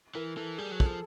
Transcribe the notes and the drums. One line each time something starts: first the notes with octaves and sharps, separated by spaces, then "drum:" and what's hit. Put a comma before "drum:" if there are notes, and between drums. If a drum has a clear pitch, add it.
E3 A#4
E3 A4
G3 G#4
F#3
A4, drum: kick
F3